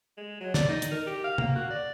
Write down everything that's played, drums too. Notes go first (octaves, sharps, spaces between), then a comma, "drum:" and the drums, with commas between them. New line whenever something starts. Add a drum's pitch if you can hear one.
G#3
F#3
D5, drum: snare
D#4
drum: hi-hat
A#4
G4
F5
A#3, drum: tom
F#4
D5